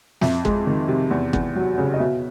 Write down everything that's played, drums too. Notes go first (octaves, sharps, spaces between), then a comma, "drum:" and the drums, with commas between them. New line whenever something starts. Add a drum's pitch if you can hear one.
F2 E5, drum: snare
G#3, drum: kick
D#3
C3
E2
E2, drum: kick
F#3
C#3
D#5
B2 E5